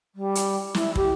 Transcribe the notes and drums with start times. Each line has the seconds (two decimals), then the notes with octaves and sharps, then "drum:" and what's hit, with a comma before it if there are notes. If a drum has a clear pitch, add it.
0.15 G3
0.35 drum: hi-hat
0.75 E4, drum: snare
0.95 G4, drum: kick